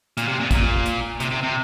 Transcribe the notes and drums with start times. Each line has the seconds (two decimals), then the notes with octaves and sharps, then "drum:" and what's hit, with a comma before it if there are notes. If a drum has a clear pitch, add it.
0.17 A#2, drum: hi-hat
0.28 C3
0.40 A#2
0.51 A#2, drum: kick A1, hi-hat
0.86 drum: hi-hat
1.20 C3, drum: hi-hat
1.31 C3
1.43 C3